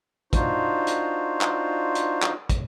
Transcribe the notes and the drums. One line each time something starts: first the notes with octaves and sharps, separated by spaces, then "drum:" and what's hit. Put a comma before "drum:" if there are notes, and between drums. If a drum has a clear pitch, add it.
D4 D#4 F4 F#4 C5, drum: kick, hi-hat
drum: hi-hat
drum: clap
drum: hi-hat
drum: clap
drum: kick, hi-hat